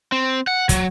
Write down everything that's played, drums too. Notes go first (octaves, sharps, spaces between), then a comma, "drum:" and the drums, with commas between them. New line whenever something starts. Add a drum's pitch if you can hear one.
C4
F#5
F#3, drum: kick, hi-hat